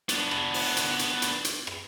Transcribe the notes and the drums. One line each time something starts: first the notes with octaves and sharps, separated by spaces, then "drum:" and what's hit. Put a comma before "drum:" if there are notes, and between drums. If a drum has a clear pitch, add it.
B3 D4, drum: hi-hat
drum: rim click
drum: open hi-hat
drum: hi-hat
drum: hi-hat
drum: hi-hat
drum: hi-hat
drum: rim click